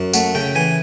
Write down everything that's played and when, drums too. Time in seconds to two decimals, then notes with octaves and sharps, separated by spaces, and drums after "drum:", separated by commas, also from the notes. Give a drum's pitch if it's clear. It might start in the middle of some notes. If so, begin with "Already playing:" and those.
Already playing: F#2
0.13 A3 F#5, drum: tambourine
0.35 C#3 G5
0.55 E3 G#5